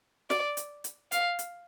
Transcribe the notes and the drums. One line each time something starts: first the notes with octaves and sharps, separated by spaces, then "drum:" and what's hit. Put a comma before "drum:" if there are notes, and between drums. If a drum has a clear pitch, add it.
D5, drum: snare
drum: hi-hat
drum: hi-hat
F5, drum: hi-hat
drum: hi-hat